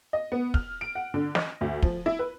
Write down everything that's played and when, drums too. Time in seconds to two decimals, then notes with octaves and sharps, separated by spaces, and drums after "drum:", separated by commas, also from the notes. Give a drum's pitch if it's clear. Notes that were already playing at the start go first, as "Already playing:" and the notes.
0.13 D#5
0.32 B3
0.54 F6, drum: kick
0.81 D7
0.95 F#5
1.14 D3
1.35 D#5, drum: snare
1.61 D2
1.82 F3, drum: kick
2.06 E4
2.19 B4